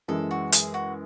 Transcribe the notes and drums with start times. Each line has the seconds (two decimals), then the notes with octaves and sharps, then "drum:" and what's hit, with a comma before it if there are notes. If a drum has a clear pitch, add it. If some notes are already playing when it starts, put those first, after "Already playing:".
0.08 F#2 E3 G#3 A4
0.31 F#4
0.52 G#4, drum: hi-hat
0.74 F#4